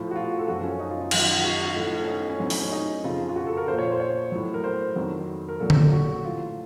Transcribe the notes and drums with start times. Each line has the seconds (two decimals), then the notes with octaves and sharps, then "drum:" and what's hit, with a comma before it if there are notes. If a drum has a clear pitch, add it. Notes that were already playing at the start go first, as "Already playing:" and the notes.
Already playing: A2 F3
0.11 F#4
0.16 F4
0.39 A4
0.48 F#2 F3 F#4
0.64 C#4
0.80 D#4
0.90 F4
1.01 D#4
1.11 F#2 D#3 F#3 F4, drum: cymbal
1.22 F4
1.32 D#4
1.44 F#4
1.52 F4
1.60 D#4
1.68 F4
1.75 A2 F3 A4
2.01 C#4
2.07 D#4
2.29 C#4
2.40 A2 F#3 C4
2.50 D#4, drum: open hi-hat
2.61 C#4
2.72 D#4
3.04 F2 C#3 F3 F4
3.29 F4
3.36 F#4
3.46 A4
3.57 A#4
3.68 A#2 F3 C5
3.79 C#5
3.92 C5
4.00 C#5
4.32 A2 F#3
4.54 A#4
4.64 C5
4.96 F2 D#3 F#3
5.48 A#4
5.60 A#2 F#3 A4
5.70 drum: tom D3
5.92 F#4
6.24 A2 F3 F4